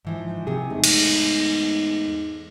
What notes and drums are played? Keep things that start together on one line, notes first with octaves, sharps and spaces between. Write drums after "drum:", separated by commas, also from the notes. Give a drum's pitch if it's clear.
G#2 E3 F3
C3 A#3 G#4
E2 G#2 A3
drum: cymbal